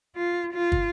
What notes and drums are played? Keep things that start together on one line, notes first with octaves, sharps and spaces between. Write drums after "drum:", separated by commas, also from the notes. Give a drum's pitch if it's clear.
F4
F4
drum: kick